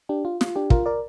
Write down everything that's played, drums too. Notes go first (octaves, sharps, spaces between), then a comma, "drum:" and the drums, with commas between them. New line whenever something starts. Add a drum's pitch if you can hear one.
D4 G4
F4
F4, drum: snare
D4 G4
F4 A#4, drum: kick
A#4 D5